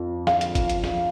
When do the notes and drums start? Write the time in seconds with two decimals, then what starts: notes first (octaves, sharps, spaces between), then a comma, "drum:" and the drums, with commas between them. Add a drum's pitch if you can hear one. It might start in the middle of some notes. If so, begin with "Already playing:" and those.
Already playing: F2
0.27 F5, drum: snare
0.41 drum: hi-hat
0.55 drum: kick, hi-hat
0.69 drum: hi-hat
0.84 drum: snare